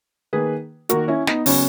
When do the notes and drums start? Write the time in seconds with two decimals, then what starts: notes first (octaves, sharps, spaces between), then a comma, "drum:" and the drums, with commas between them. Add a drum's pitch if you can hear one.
0.33 D#3 A#3 G#4 B4
0.89 D#3 A#3 F#4 A#4, drum: hi-hat
1.08 C#4 E4
1.27 B3 D#4, drum: snare
1.46 C#3 F#3 B3 C#4, drum: open hi-hat